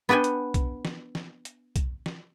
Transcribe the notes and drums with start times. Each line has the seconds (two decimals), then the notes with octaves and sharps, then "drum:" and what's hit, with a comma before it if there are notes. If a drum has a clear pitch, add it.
0.09 B3 D4 B4 G5 G#5
0.24 drum: hi-hat
0.54 drum: kick B1, hi-hat
0.85 drum: snare
1.15 drum: snare
1.45 drum: hi-hat
1.76 drum: kick B1, hi-hat
2.06 drum: snare